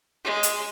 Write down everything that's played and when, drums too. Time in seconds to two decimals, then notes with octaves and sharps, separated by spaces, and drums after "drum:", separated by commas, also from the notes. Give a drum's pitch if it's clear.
0.25 G#3
0.43 drum: hi-hat